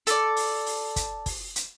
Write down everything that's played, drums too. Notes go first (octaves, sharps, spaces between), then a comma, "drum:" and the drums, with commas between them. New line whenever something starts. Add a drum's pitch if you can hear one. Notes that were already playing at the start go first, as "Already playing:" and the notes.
A4 D5, drum: hi-hat
drum: open hi-hat
drum: open hi-hat
drum: kick, hi-hat
drum: kick, open hi-hat
drum: hi-hat